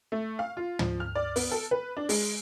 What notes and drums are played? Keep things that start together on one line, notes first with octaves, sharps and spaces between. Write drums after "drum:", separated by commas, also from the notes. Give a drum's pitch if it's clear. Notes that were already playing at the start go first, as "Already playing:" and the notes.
A3
F5
F4
F3, drum: tom
F6
D5
B3, drum: open hi-hat
A4
B4
D4
G#3, drum: open hi-hat